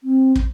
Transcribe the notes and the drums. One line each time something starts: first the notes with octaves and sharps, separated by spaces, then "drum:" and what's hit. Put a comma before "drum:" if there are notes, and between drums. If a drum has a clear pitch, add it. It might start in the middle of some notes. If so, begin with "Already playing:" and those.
C4
drum: kick